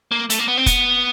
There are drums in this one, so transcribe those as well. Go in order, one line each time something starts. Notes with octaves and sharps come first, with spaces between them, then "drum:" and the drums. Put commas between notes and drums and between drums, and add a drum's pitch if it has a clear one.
A#3
A3, drum: hi-hat
A#3
B3
C4
B3, drum: kick F1, hi-hat